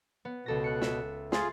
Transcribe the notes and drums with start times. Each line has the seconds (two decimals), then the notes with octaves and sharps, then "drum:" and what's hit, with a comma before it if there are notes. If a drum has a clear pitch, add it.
0.25 B3
0.46 C#2 B2 A4 A#6
0.64 F#6 C#7
0.82 E5, drum: snare
1.32 F4 G#4 C6 A6, drum: snare